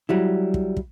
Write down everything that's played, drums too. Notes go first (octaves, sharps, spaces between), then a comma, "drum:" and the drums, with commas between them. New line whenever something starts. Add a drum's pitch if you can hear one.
F#3 G3 E4
drum: kick
drum: kick